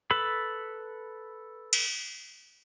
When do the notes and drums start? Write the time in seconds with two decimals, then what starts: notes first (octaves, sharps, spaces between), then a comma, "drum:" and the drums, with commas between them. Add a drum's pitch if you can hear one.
0.11 A4 B4 B5
1.73 drum: cymbal